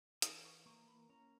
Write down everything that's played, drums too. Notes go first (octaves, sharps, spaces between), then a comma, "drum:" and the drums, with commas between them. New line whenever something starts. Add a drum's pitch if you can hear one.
E3 D#6, drum: hi-hat
C#6
A#3 C#6
B5
C#4 A#5